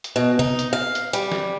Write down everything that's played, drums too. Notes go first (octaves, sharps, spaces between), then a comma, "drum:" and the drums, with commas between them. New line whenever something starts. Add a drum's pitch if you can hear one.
drum: hi-hat
B2
D#4, drum: tom
drum: hi-hat
F5
drum: hi-hat
G3, drum: hi-hat
drum: snare